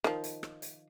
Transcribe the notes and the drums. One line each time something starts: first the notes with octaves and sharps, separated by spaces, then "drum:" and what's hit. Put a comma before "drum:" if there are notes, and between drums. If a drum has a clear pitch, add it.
D#3 F3, drum: rim click
drum: hi-hat
drum: rim click
drum: hi-hat